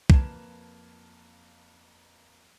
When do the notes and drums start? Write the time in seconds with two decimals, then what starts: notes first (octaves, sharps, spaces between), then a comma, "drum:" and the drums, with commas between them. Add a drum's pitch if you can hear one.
0.10 F2 A#3 B4 A5 G#6 E7, drum: kick